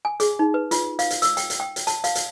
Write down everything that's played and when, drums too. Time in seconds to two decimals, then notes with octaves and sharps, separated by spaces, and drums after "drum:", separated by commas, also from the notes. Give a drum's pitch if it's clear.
0.05 G#5
0.20 G#4, drum: hi-hat
0.39 D#4
0.54 B4
0.71 F4, drum: hi-hat
0.99 F5, drum: hi-hat
1.11 drum: hi-hat
1.22 E6, drum: hi-hat
1.37 G5, drum: hi-hat
1.50 drum: hi-hat
1.60 G5
1.76 drum: hi-hat
1.87 A5, drum: hi-hat
2.04 F5, drum: hi-hat
2.15 drum: hi-hat